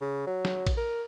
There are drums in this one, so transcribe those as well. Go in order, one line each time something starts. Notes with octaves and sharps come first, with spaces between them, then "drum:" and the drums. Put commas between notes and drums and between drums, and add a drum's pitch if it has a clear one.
C#3
F#3
drum: snare
drum: kick A#1, cymbal
A#4